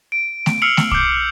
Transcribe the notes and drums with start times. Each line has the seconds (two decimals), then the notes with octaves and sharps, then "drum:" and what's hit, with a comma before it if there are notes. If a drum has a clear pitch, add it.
0.12 D7
0.46 drum: snare A3
0.62 E6 F6 C7 C#7 F7 F#7
0.77 drum: snare A3
0.92 D6 G6, drum: kick